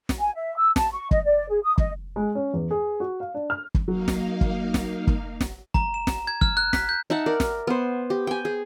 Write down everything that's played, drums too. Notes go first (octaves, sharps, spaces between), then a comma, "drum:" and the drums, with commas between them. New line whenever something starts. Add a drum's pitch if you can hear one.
drum: snare
G#5
E5
E6
A5, drum: snare
C#6
D#5, drum: kick
D5
G#4
D#6
D#5, drum: kick
G#3
C#4
E2
G#4
F#4
F5
D4
F6
drum: kick
F#3 A#3 D#4 F5
drum: snare
drum: kick
drum: snare
drum: kick
drum: snare
A#5, drum: kick
E7
drum: snare
G#6
F6, drum: kick
F#6
B6, drum: snare
G6
D#4 E5 F#5 A5
A#4 D5
drum: snare
B3 C5
G4
G5 G#5
G#4